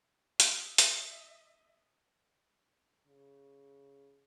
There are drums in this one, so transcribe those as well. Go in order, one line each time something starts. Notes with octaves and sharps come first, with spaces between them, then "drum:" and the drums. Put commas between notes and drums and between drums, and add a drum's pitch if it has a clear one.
D#5 E5, drum: hi-hat
drum: hi-hat
C#3